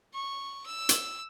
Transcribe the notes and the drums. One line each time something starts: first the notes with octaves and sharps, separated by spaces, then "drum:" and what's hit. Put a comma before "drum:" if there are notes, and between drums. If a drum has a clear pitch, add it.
C#6
E6
drum: hi-hat